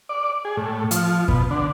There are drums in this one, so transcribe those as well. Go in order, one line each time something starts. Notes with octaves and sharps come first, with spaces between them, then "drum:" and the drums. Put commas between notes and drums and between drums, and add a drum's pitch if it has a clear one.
D5
G#4
A2
F3, drum: hi-hat
B2, drum: kick
D3